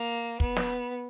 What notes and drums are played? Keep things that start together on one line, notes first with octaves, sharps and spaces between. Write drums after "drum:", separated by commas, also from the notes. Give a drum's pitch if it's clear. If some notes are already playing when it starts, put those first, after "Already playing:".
Already playing: A#3
B3, drum: kick
drum: snare